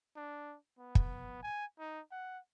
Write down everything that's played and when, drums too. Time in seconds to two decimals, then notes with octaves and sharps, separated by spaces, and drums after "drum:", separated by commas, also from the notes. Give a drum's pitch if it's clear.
0.16 D4
0.79 B3
0.95 drum: kick
1.42 G#5
1.79 D#4
2.11 F#5